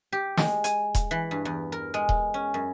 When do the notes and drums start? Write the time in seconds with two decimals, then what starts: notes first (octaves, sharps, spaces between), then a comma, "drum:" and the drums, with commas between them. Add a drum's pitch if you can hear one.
0.13 G4
0.37 G#3, drum: snare
0.64 G#5, drum: hi-hat
0.95 drum: kick D#1, hi-hat
1.11 E3
1.31 G2
1.45 E2
1.72 A#4
1.94 G#3
2.09 drum: kick D#1
2.34 C#4
2.54 F#2